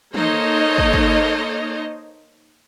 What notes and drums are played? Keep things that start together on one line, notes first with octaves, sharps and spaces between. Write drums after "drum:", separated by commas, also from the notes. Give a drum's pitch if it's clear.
A#3 D#4 A4 C5 C#5 D#5, drum: tom
drum: kick
drum: kick